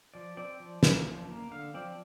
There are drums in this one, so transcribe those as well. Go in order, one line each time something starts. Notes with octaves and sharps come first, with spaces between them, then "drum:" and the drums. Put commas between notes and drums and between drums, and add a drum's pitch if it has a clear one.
F3 D5
C4 D5
F3
A#3, drum: snare
F3
A#3
D3 F5
F3 C4 D5